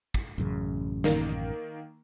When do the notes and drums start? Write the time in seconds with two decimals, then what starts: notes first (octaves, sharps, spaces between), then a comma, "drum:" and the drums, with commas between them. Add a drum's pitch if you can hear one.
0.14 drum: kick
0.38 A1 F#2 C#3
1.04 D#3 A#3, drum: snare